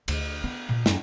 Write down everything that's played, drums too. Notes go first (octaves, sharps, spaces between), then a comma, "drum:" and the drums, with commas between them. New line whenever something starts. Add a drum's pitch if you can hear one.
D2, drum: cymbal
B3
A#2
F#2, drum: snare